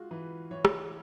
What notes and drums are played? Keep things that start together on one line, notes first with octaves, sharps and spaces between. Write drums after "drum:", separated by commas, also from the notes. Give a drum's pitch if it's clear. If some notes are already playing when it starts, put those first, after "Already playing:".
Already playing: G#3 F4 F#4
E3 B4
E3 C#5
drum: rim click